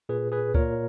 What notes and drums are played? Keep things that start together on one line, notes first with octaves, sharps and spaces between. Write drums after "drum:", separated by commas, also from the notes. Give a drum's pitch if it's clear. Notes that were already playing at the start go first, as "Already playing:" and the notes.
A#2 G#4 B4
G#4 B4
A#2 A#4 C#5, drum: kick C#2